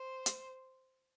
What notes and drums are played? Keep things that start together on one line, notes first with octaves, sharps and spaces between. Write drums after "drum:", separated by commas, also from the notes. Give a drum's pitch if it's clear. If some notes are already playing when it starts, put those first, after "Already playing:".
Already playing: C5
drum: hi-hat